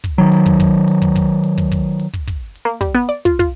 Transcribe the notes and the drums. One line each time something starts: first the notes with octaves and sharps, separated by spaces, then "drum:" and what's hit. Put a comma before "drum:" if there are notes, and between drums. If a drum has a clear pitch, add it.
drum: kick, hi-hat
D#3 F#3
drum: hi-hat
drum: kick
drum: kick, hi-hat
drum: hi-hat
drum: kick
drum: kick, hi-hat
drum: hi-hat
drum: kick
drum: kick, hi-hat
drum: hi-hat
drum: kick
drum: kick, hi-hat
drum: hi-hat
A#3
G3, drum: kick, hi-hat
B3
D5, drum: hi-hat
F4, drum: kick
F4, drum: kick, hi-hat